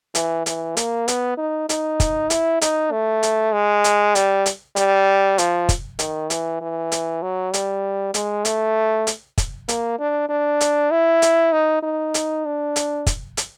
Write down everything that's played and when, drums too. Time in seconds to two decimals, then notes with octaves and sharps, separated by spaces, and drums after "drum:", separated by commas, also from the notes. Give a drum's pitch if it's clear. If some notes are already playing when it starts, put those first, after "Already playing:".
0.15 E3, drum: hi-hat
0.46 E3, drum: hi-hat
0.77 A#3, drum: hi-hat
1.08 B3, drum: hi-hat
1.38 D#4
1.69 D#4, drum: hi-hat
2.00 drum: kick, hi-hat
2.30 E4, drum: hi-hat
2.61 D#4, drum: hi-hat
2.91 A3
3.23 drum: hi-hat
3.54 G#3
3.84 drum: hi-hat
4.15 G3, drum: hi-hat
4.46 drum: hi-hat
4.76 G3, drum: hi-hat
5.38 F3, drum: hi-hat
5.69 drum: kick, hi-hat
5.99 D#3, drum: hi-hat
6.30 E3, drum: hi-hat
6.61 E3
6.92 drum: hi-hat
7.22 F#3
7.54 G3, drum: hi-hat
8.14 G#3, drum: hi-hat
8.45 A3, drum: hi-hat
9.07 drum: hi-hat
9.38 drum: kick, hi-hat
9.68 A#3, drum: hi-hat
9.99 D4
10.29 D4
10.61 drum: hi-hat
10.91 E4
11.22 drum: hi-hat
11.53 D#4
11.83 D#4
12.14 drum: hi-hat
12.45 D4
12.76 drum: hi-hat
13.06 drum: kick, hi-hat
13.37 drum: hi-hat